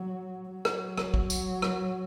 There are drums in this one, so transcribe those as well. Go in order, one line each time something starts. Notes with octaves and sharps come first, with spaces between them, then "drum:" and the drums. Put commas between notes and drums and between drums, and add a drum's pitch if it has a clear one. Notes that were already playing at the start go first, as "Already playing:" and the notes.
Already playing: F#3
F#3
drum: rim click
drum: rim click
drum: kick
drum: tambourine
drum: rim click